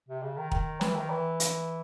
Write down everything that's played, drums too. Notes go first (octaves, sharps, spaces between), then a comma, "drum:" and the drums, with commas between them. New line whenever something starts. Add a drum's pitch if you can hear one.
C3
C#3
D#3
D#3, drum: kick
E3, drum: snare
D#3
E3
drum: hi-hat